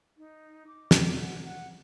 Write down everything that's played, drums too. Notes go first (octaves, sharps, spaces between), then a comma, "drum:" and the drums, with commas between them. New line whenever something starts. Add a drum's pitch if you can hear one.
D#4
D6
drum: snare
F#5
F#5